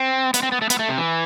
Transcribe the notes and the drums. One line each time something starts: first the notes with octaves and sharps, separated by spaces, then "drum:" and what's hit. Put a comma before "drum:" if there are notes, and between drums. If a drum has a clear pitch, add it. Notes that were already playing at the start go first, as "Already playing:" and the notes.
Already playing: C4
B3, drum: hi-hat
C4
B3
A3
B3, drum: hi-hat
A3
C3
E3